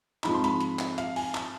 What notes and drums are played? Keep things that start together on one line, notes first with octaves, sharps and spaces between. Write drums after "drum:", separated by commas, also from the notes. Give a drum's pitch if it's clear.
G#2 F3 G#3 C4 B5, drum: clap
C6
B5, drum: hi-hat
drum: hi-hat
drum: clap
F5, drum: hi-hat
G#5, drum: open hi-hat
A5, drum: clap